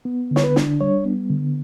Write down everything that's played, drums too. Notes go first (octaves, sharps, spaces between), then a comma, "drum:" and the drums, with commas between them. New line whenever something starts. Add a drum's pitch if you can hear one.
B3
D3
C#5, drum: snare
B4
D4, drum: snare
G3 C#5
B3
D3